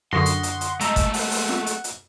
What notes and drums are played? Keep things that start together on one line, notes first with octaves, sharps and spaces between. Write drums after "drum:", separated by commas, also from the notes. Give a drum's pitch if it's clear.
F#2 D3 F#5 C6 C#6 D#6 A#6
drum: hi-hat
drum: hi-hat
drum: hi-hat
G#3 A3 D#5 A#5 E6 G6, drum: hi-hat
drum: kick G1, hi-hat
F#5, drum: open hi-hat
drum: open hi-hat
drum: snare F4
drum: hi-hat
drum: hi-hat